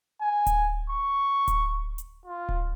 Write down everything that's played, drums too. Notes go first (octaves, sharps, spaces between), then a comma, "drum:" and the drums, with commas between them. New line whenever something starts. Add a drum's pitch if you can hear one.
G#5
drum: kick D1, hi-hat
C#6
drum: kick D1, hi-hat
drum: hi-hat
F4
drum: kick D1